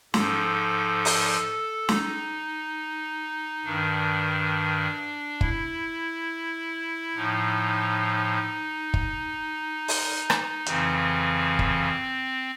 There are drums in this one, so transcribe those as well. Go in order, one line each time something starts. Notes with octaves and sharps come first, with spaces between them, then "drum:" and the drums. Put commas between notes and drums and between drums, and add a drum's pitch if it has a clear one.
G#2 F3 A4, drum: snare
drum: open hi-hat
D#4, drum: snare
G2 D#3 D4
E4, drum: kick
A2 F3 D#4
drum: kick
drum: open hi-hat
drum: rim click
F2 C#3 E3 C4, drum: hi-hat
drum: kick